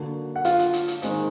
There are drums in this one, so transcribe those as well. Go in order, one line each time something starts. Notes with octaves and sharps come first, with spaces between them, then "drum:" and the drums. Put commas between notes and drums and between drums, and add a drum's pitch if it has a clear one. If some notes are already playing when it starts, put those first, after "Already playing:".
Already playing: D3 F#3 A#3
F#5
F4 F5, drum: hi-hat
drum: hi-hat
drum: hi-hat
drum: hi-hat
D#3 G#3 C4, drum: hi-hat